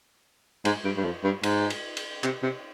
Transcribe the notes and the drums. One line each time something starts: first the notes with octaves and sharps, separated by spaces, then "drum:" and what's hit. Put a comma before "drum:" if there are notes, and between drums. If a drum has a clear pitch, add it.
G#2, drum: cymbal
G2
G2
F2
G2
G#2, drum: cymbal
drum: cymbal
drum: cymbal
C3, drum: clap
C3